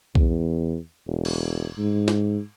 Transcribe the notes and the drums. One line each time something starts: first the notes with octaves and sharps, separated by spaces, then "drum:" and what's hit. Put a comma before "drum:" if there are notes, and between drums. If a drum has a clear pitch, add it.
E2, drum: kick
E1
drum: cymbal
G#2
drum: snare